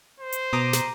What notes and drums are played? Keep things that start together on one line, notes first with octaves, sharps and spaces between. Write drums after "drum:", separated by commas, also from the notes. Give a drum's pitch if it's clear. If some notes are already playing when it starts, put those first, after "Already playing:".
C5
drum: hi-hat
B2 A#5 D6 D#6
drum: snare